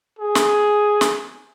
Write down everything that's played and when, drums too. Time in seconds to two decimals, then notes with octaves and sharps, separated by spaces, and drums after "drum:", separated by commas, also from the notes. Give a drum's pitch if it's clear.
0.19 G#4
0.35 drum: snare
1.01 drum: snare